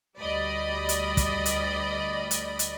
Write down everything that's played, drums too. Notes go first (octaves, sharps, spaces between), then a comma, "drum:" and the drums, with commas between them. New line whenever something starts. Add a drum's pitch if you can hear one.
D2 G3 D5 D#5 B5
drum: hi-hat
drum: kick, hi-hat
drum: hi-hat
drum: hi-hat
drum: hi-hat